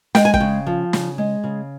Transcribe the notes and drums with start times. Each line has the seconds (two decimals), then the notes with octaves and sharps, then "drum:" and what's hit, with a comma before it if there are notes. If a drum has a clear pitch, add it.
0.15 G#3 G5, drum: snare
0.25 G#5
0.34 G5, drum: kick
0.40 C#3
0.67 F3
0.93 C#3, drum: snare
1.18 G#3
1.44 C#3